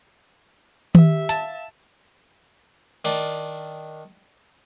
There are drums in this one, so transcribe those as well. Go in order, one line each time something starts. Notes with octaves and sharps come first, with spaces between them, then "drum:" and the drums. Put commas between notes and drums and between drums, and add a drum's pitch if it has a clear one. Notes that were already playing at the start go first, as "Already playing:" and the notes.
G4 E5, drum: tom D#3
F5 A5, drum: hi-hat
D#3 D4, drum: cymbal